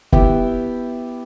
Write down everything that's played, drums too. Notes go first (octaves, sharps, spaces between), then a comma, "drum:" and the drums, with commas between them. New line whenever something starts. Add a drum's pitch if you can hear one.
B3 E4 G4 E5 G5, drum: kick